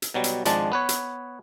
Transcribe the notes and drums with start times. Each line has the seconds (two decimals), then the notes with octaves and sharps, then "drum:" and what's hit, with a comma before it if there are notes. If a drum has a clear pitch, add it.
0.02 drum: hi-hat
0.14 B2 F#3 G3
0.24 drum: hi-hat
0.45 G#1 F3 G#3 D4 A5, drum: hi-hat
0.72 B3 B4 C#5
0.89 drum: hi-hat